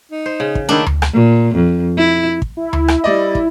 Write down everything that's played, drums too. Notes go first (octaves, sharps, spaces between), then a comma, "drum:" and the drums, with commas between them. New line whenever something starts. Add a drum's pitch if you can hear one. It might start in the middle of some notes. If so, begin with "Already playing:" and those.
D#4
C5
C#3
drum: kick
D#3 A3 A#3 D4 E4
drum: tom D2
drum: rim click
A#2
F2
E4
drum: kick
E4
drum: tom D2
drum: rim click
G3 D5 D#5
drum: kick